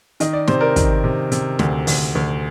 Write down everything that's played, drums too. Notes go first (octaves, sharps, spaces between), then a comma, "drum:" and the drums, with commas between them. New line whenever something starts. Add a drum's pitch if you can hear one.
D#3 D#5, drum: hi-hat
D5
C3 C5, drum: snare
A#4 D5
D#3, drum: kick, hi-hat
C3
C3, drum: hi-hat
D2, drum: snare
D2, drum: open hi-hat
D2